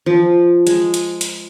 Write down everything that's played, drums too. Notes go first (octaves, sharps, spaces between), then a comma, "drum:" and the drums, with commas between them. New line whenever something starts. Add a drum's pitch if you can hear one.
F3
G#3, drum: hi-hat
drum: hi-hat
drum: hi-hat